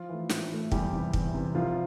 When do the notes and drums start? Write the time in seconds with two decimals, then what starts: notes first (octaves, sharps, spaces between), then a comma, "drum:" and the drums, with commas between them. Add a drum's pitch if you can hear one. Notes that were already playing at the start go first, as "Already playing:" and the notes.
Already playing: F3 F4
0.09 E3 A3
0.29 A2, drum: snare
0.51 E3 A3
0.72 E2 G3 G4, drum: kick
0.92 C3 E3
1.13 E2, drum: kick
1.34 C3 E3
1.55 C2 F3 F4